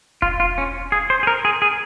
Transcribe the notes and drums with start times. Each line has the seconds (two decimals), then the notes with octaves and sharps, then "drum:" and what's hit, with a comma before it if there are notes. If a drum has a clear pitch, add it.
0.22 F4, drum: kick E1
0.40 F4
0.58 C#4
0.92 G#4
1.10 C5
1.23 G#4
1.27 A#4
1.45 G#4
1.62 G#4